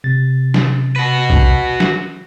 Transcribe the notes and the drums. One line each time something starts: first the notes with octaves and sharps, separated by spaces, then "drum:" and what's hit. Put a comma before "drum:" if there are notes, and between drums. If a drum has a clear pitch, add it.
C3 A6
drum: snare
F#4 B4
drum: kick B1
drum: snare